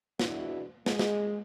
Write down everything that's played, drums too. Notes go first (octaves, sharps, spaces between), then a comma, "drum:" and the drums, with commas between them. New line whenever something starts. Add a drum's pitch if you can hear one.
E2 B2 D4 E4 F#4, drum: snare
G#3, drum: snare
drum: snare